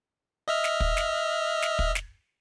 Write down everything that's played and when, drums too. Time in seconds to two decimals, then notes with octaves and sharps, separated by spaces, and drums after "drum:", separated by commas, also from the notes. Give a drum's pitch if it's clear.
0.48 D#5 E5 F6
0.64 drum: snare
0.80 drum: kick
0.97 drum: snare
1.62 drum: snare
1.79 drum: kick
1.95 drum: snare